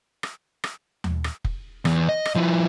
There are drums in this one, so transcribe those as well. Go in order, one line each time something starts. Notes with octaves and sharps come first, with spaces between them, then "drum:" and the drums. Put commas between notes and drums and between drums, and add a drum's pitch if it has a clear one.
drum: rim click
drum: rim click
drum: tom D#2
drum: rim click
drum: kick F1
E2, drum: rim click
D#5
drum: rim click
F3 E4